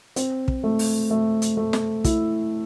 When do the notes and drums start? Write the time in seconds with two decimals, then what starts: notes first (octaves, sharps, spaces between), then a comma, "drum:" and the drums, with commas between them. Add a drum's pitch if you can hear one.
0.16 C4, drum: hi-hat
0.48 drum: kick
0.64 A3
0.79 drum: open hi-hat
1.10 A3
1.42 drum: hi-hat
1.57 A3
1.73 drum: snare
2.04 E4, drum: kick, hi-hat